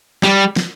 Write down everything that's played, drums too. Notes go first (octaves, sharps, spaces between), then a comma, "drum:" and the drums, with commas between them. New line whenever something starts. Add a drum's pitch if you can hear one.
G3, drum: snare
drum: snare